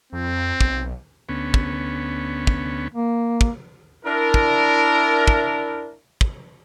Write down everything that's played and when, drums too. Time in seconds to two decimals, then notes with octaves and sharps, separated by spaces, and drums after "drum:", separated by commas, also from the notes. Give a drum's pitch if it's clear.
0.13 F2 C4
0.61 B1, drum: kick
1.29 D2 B3 C#4
1.54 drum: kick
2.47 drum: kick
2.94 A#3
3.41 drum: kick
4.05 D4 E4 A#4
4.34 drum: kick
5.27 drum: kick
6.21 drum: kick